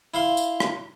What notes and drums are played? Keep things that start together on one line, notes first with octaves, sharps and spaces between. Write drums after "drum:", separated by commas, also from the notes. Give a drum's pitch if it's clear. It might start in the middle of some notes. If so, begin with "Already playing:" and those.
E4 F5 C6
drum: tambourine
drum: rim click